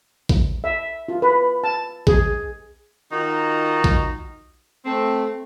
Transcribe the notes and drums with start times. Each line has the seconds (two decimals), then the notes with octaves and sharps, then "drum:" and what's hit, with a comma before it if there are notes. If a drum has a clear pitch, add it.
0.29 drum: kick A#1
0.64 E5
1.08 F4
1.22 B4
1.64 A5
2.07 G#4, drum: kick A#1
3.11 D#3 D#4 F4 F#4
3.84 drum: kick A#1
4.85 A3 C4